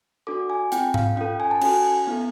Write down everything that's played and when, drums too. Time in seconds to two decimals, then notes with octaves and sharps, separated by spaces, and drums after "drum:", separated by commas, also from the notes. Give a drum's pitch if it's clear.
0.27 D4 F#4 A4 D6
0.50 G#5
0.72 C4 F4 G#4 G5, drum: hi-hat
0.94 F5, drum: tom G#2
1.16 C#4 F4 A4 G5
1.40 G#5
1.51 A5
1.61 C#4 F#4 A4 G#5, drum: cymbal
2.07 B3 E4 A4